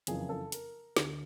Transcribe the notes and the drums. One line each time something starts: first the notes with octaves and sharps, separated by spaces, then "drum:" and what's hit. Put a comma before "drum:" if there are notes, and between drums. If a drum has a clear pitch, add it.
F#1 F2 C#3 E3 G#4, drum: hi-hat
A4
A#4, drum: hi-hat
D2 D3, drum: snare